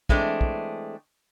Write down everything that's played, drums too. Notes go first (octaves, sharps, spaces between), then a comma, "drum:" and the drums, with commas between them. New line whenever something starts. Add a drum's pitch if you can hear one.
E3 G#3 A3 C4 D4, drum: kick
drum: kick